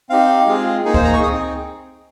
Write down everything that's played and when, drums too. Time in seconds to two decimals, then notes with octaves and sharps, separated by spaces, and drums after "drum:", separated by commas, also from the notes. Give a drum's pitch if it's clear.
0.09 C4 D#4 G4 F5
0.47 G#3 C4 F4 G#4
0.85 A#3 D#4 G#4
0.94 C5, drum: kick C#2
1.04 A#5
1.13 C#6
1.23 C4 D#4 G#4 D#6